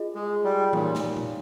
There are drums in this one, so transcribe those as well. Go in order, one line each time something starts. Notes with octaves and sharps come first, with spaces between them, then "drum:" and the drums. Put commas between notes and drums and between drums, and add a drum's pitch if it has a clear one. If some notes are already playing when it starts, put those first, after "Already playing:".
Already playing: F4 G#4 D#5
G#3
G3
A#2 D#4 G4 C#5 F5 G#5, drum: tom E3
drum: snare
drum: tom A#2